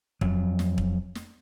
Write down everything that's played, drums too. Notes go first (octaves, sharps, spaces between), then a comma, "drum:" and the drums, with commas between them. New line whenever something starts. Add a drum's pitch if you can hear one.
F2 F#3, drum: kick
drum: snare
drum: kick
drum: snare